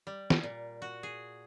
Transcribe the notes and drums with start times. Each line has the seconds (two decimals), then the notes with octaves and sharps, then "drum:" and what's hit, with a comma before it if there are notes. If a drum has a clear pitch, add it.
0.07 G3
0.30 drum: snare
0.43 A#2
0.82 F#4
1.03 G#4